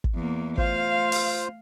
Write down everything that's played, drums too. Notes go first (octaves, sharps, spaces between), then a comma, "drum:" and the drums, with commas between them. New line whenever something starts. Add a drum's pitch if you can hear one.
drum: kick
E2 A#3
A3 F4 C5 F5, drum: kick
drum: open hi-hat